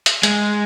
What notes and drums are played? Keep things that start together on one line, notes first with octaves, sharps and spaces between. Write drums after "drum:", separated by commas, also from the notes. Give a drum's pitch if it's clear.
drum: hi-hat
G#3, drum: hi-hat